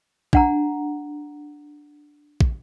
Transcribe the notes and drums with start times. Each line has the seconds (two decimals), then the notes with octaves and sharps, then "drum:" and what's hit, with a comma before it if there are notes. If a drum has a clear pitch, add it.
0.33 D4 F#5 A#5, drum: kick
2.41 drum: kick